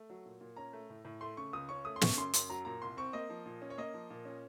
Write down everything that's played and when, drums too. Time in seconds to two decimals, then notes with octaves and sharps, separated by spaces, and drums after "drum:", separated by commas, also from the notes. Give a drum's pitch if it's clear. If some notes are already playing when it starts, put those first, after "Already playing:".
Already playing: A3
0.10 F#3
0.26 A#2
0.41 A#2
0.57 C#4 A#5
0.73 A3
0.90 A2
1.05 A2
1.21 A3 C6
1.37 C#3 C#6
1.53 C#2 D#6
1.69 C#4 C#6
1.85 A3 D#6
1.96 C6
2.01 C#3 C#6, drum: snare
2.17 F#2 C6
2.34 F#2 C6, drum: hi-hat
2.50 F#3 A#5
2.65 A#2 A#5
2.82 C2 C6
2.97 C4 C#6
3.13 A#3 D#5
3.30 F3
3.46 A#2
3.62 C#4
3.70 C#5
3.78 A#3 D#5
3.94 F3
4.10 A#2
4.25 C#4